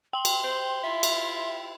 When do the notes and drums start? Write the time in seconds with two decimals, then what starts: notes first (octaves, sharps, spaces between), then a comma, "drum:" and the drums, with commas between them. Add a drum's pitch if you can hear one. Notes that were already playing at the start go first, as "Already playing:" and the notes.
0.13 G5 C6 F#7
0.25 drum: cymbal
0.44 C5
0.84 E4 F4 E5
1.03 drum: cymbal